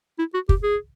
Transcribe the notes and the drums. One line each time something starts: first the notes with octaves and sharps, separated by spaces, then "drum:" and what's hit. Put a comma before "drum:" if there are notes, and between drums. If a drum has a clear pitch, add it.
E4
F#4
G4, drum: kick
G#4